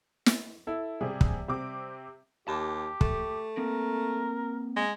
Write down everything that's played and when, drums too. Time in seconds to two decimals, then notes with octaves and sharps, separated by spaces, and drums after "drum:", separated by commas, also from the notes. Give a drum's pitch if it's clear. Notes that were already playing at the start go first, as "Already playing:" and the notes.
0.26 drum: snare
0.67 E4 A4
1.01 C3 G3 G#4
1.21 drum: kick
1.48 C3 C4 D6
2.48 D#2 G4 A5
3.01 A3, drum: kick
3.57 A#3 C4 A#4
4.76 G#3